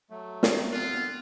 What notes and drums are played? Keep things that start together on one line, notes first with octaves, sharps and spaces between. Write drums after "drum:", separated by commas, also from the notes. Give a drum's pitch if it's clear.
F#3 A3
drum: snare
D3 B3 C4 F4 F#6